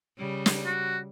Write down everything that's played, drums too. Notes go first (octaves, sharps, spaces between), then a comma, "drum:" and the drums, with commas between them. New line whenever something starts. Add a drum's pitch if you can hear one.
C#3 G3
drum: snare
F#4